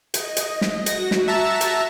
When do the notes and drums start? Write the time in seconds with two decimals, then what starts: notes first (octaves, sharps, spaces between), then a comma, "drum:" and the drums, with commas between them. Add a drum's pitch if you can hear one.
0.14 D#5, drum: hi-hat
0.37 drum: hi-hat
0.61 drum: snare
0.86 F#4 A#6, drum: hi-hat
1.11 drum: snare
1.28 E5 A5 A#5
1.61 drum: hi-hat